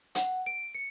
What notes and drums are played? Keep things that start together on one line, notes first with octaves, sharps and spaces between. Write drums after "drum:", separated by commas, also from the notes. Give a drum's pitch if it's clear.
F#5, drum: hi-hat
D7
C#7